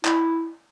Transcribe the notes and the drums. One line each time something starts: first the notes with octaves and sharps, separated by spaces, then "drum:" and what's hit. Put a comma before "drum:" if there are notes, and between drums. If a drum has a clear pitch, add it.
E4, drum: clap